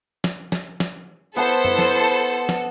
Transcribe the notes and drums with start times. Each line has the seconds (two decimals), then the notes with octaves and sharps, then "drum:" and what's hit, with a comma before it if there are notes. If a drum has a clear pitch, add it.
0.24 drum: snare
0.52 drum: snare
0.80 drum: snare
1.36 B3 E4 A4 C5 A5
1.65 drum: tom F#2
1.79 drum: snare
2.49 drum: snare